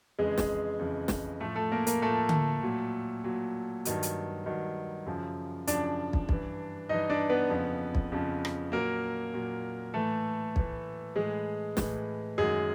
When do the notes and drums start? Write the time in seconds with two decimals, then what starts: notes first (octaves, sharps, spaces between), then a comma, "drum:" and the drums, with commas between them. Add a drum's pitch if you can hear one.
0.19 F2 C#3 E3 G#3 G#4
0.38 drum: snare
0.79 F2 C#3 E3
1.08 drum: snare
1.40 A2 F3 A3 A4
1.56 A3 A4
1.72 A#3 A#4
1.87 A#3 A#4, drum: hi-hat
2.02 A2 F3 A3 A4
2.29 drum: tom D3
2.63 A#2 F#3
3.24 A#2 F#3
3.85 G2 D#3 F#3, drum: hi-hat
4.03 drum: hi-hat
4.46 G2 D#3 F#3
5.06 F#2 C#3 F3
5.67 F#2 C#3 F3 D4 D5, drum: hi-hat
6.13 drum: kick
6.29 G2 E3, drum: kick
6.89 G2 E3 D#4 D#5
7.10 D4 D5
7.30 B3 B4
7.50 F2 C#3 F3
7.95 drum: kick
8.12 F2 C#3 F3
8.45 drum: rim click
8.72 A#2 F#3 A#3 A#4
9.34 A#2 F#3
9.94 A2 E3 A3 A4
10.56 A2 E3, drum: kick
11.16 A2 E3 G#3 G#4
11.77 A2 E3, drum: snare
12.38 F#2 D#3 F#3 G#3 G#4